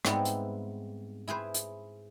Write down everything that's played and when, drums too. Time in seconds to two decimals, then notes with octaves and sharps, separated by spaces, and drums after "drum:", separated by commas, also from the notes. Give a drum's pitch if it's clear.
0.05 G#2 G3 G#3 B3 C4 E5, drum: rim click
0.25 drum: hi-hat
1.28 E4 G#4 B4 C5
1.54 drum: hi-hat